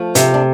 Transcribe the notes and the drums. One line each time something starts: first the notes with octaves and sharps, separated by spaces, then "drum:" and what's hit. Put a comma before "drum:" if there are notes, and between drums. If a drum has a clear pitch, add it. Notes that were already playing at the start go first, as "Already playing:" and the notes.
Already playing: F3 A3
C3, drum: hi-hat
D4